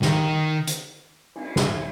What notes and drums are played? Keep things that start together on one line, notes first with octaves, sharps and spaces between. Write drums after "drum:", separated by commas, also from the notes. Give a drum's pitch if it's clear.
D#3, drum: snare
drum: hi-hat
drum: cymbal
drum: snare